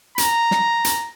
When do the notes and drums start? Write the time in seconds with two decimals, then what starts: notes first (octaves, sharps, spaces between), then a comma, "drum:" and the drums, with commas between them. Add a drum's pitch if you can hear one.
0.18 A#5, drum: hi-hat
0.51 drum: snare
0.84 drum: hi-hat